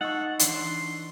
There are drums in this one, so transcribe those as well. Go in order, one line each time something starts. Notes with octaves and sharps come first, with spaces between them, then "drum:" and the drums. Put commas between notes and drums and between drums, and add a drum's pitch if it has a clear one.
D#4 A4 F#5 C#6 E6 C7
E3 D4 C6 E7, drum: hi-hat